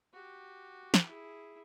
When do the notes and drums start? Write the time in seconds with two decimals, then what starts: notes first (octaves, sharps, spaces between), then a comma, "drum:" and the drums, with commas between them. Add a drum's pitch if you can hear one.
0.13 F#4 G4
0.94 drum: snare
1.06 E4 G#4